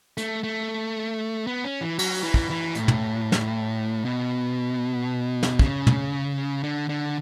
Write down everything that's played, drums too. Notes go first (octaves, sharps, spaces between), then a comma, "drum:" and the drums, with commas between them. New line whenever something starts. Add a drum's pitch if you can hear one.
A3, drum: hi-hat
A3
B3
C#4
E3
F#3, drum: cymbal
drum: open hi-hat
E3
drum: kick
E3
A2, drum: hi-hat
drum: tom
drum: snare
B2
drum: snare
C#3, drum: kick
drum: tom
D3
D3